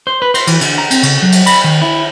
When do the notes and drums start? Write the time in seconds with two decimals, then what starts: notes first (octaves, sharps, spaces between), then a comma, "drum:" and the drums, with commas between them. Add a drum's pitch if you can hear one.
0.07 C5
0.22 B4
0.34 C5, drum: cymbal
0.47 E3, drum: cymbal
0.61 D3, drum: cymbal
0.78 A#5
0.91 C4, drum: cymbal
1.03 C#3, drum: cymbal
1.22 F#3
1.32 drum: cymbal
1.46 B5, drum: cymbal
1.64 D#3
1.82 E4